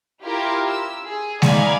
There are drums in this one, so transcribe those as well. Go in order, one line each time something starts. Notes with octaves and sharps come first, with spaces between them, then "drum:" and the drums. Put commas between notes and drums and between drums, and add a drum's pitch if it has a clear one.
E4 F4 G4 A#4
E6
G#4
D#4 D5 F5 G#5 B5, drum: snare G#3